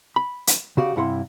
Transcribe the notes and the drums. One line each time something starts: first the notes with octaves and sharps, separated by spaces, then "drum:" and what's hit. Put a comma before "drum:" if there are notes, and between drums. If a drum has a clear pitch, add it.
B5
drum: hi-hat
C#3 F#4 G4 D5
G2 C3 E4 F#5 C6